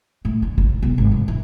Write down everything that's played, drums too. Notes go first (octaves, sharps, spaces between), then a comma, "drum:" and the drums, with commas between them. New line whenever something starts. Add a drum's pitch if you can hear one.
A2
D3
D#2, drum: kick
C#3
B1
G#1
D3
E3